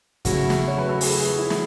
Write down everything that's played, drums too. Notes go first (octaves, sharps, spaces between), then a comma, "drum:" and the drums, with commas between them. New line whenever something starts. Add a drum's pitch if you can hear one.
E2 C#3 F#3 A3 E4 F#4, drum: kick, hi-hat
drum: snare
C#5
B4
A4
G#4, drum: open hi-hat
G#4
E4
drum: snare